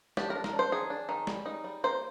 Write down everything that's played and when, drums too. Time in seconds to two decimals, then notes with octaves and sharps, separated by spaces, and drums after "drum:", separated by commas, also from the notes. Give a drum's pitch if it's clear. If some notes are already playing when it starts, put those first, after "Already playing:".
0.17 D4 G4, drum: snare
0.30 A#4
0.35 D4
0.44 A#4, drum: snare
0.53 D4
0.59 C5
0.72 D#3 G#4
0.90 D4
1.09 D#3
1.27 G3, drum: snare
1.46 D#4
1.64 G3
1.84 A#3 C5